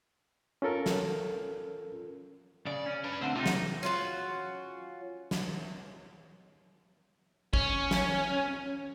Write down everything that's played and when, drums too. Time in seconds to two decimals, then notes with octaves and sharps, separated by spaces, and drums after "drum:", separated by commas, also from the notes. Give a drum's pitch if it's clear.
0.62 C#4 F4 A4 A#4
0.86 drum: snare
2.66 C#3 D5
2.86 C#4
3.04 D4 B4
3.21 D2 D3 C4
3.35 C3 D#3 D#4 F4
3.46 drum: snare
3.83 C#4 F4 F#4
5.31 drum: snare
7.54 C#4, drum: kick
7.91 drum: snare